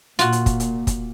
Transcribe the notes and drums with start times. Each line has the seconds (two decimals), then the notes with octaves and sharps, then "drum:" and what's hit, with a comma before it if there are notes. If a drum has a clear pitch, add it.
0.19 A#2 F4 F#4, drum: hi-hat
0.32 drum: hi-hat
0.46 drum: kick, hi-hat
0.60 drum: hi-hat
0.87 drum: kick, hi-hat